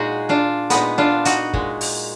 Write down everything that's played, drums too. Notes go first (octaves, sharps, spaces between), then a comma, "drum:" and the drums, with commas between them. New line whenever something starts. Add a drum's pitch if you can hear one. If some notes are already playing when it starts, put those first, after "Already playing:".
Already playing: A#2 G#3 D#4 F#4 G#4
D4 F4
A#2 G#3 B3 D#4, drum: hi-hat
D4 F4
D#4 F#4, drum: hi-hat
A#2 G#3, drum: kick
drum: open hi-hat